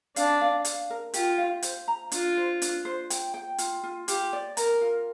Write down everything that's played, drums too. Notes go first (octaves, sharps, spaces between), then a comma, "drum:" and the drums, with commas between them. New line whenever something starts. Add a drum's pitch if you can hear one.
D4 F5, drum: hi-hat
F5
F5, drum: hi-hat
A#4
F4 G4, drum: hi-hat
F5
C5, drum: hi-hat
A#5
D4 F4, drum: hi-hat
C5
D4, drum: hi-hat
C5
G5, drum: hi-hat
G5
F4, drum: hi-hat
F4
F4 G4, drum: hi-hat
D5
A#4 A#5, drum: hi-hat
F4